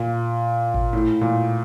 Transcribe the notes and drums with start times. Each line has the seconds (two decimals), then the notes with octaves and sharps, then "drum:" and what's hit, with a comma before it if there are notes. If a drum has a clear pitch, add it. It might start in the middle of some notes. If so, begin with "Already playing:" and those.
Already playing: A#2
0.74 drum: kick G#1
0.93 A2
1.21 A#2